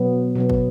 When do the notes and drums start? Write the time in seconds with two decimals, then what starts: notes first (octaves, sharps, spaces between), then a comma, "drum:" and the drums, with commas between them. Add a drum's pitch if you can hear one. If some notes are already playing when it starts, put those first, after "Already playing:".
Already playing: B2 F#3 B3
0.35 B2 F#3 B3
0.49 drum: kick